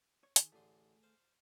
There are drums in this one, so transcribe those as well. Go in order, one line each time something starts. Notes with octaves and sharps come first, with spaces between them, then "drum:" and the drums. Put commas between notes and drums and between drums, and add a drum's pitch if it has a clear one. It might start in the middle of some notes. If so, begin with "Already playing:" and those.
C#5
D#3 G#4, drum: hi-hat
A1 D3 A3 G#4 C6
C5 F5